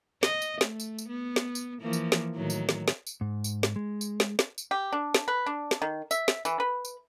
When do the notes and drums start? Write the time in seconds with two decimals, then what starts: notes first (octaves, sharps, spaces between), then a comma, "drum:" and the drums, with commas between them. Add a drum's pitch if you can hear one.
0.23 D#5, drum: snare
0.42 drum: tambourine
0.61 A3, drum: snare
0.80 drum: tambourine
0.99 drum: tambourine
1.08 B3
1.36 drum: snare
1.55 drum: tambourine
1.81 E3 F3 A#3
1.93 drum: tambourine
2.12 drum: snare
2.35 A2 D#3 F#3
2.50 drum: tambourine
2.69 drum: snare
2.88 drum: snare
3.07 drum: tambourine
3.21 G#2
3.44 drum: tambourine
3.63 drum: snare
3.76 G#3
4.01 drum: tambourine
4.20 drum: snare
4.39 drum: snare
4.58 drum: tambourine
4.71 G4
4.93 D4
5.15 drum: snare
5.28 B4
5.46 D4
5.71 drum: snare
5.82 D#3
6.11 E5, drum: tambourine
6.28 drum: snare
6.45 E3, drum: tambourine
6.60 B4
6.85 drum: tambourine